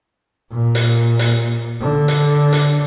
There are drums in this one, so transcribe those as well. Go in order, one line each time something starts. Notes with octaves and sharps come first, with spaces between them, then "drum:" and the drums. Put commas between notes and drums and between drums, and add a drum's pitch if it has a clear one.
A#2
drum: hi-hat
drum: hi-hat
D3
drum: hi-hat
drum: hi-hat